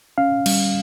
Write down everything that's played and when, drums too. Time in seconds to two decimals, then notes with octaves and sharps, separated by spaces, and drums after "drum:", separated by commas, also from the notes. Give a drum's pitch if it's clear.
0.18 C#4 F5
0.46 G3, drum: cymbal